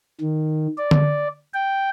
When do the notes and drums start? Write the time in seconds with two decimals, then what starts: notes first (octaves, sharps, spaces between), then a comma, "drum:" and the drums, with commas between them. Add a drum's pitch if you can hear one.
0.21 D#3
0.78 D5
0.91 drum: tom D3
1.54 G5